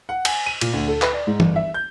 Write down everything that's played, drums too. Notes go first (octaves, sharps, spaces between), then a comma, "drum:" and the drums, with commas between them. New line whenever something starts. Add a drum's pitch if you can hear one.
F#5
G#5, drum: cymbal
D#7
A#2, drum: cymbal
D2
A4
B4, drum: clap
D5
G#2
G1, drum: tom E3
E5
G6